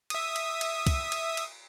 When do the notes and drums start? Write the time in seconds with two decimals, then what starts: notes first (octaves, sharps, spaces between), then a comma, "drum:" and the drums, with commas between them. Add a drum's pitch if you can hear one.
0.10 E5 D#6, drum: cymbal
0.36 drum: cymbal
0.61 drum: cymbal
0.87 drum: kick, cymbal
1.12 drum: cymbal
1.37 drum: cymbal